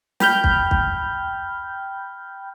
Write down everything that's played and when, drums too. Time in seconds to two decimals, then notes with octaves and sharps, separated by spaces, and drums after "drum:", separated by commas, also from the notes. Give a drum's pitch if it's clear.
0.20 G5 B5 F6 G6, drum: snare
0.44 drum: kick
0.71 drum: kick